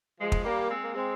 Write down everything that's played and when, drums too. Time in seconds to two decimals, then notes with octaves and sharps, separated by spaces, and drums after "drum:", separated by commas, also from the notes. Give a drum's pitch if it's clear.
0.21 F3 G#3
0.32 drum: kick
0.45 G3 A#3
0.69 G#3 C4
0.83 A#3
0.94 G#3 C4